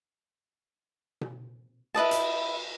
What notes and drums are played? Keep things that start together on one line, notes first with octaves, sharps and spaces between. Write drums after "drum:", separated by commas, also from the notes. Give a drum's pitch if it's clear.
drum: tom B2
E4 B4 D#5 A5, drum: cymbal
drum: hi-hat